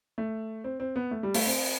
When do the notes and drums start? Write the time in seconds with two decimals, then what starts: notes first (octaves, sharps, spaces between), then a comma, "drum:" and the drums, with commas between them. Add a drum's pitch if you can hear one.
0.18 A3
0.64 C4
0.80 C4
0.96 B3
1.11 A3
1.23 G3
1.35 A3, drum: open hi-hat
1.46 C4